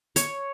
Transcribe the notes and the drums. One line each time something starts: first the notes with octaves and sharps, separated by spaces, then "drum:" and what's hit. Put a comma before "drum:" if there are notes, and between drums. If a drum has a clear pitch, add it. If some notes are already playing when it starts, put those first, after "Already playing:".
C#5, drum: hi-hat